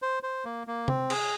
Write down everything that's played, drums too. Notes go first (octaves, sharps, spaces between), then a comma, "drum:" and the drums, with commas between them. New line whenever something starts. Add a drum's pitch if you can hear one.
C5
C5
A#3
A#3
C4, drum: tom C3
G#4, drum: cymbal